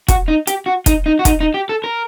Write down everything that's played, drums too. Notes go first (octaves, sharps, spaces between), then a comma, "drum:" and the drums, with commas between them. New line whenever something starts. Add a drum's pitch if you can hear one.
F#4, drum: kick, hi-hat
D#4
G4, drum: hi-hat
F#4
D#4, drum: kick, hi-hat
D#4
F#4
D#4, drum: kick, hi-hat
D#4
G4
A4
A#4